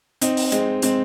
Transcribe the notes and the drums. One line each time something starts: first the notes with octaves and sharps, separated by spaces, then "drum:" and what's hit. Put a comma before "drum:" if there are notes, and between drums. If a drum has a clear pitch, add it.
C4 D#4, drum: hi-hat
drum: open hi-hat
G#3 C4, drum: hi-hat
G#3 C4, drum: hi-hat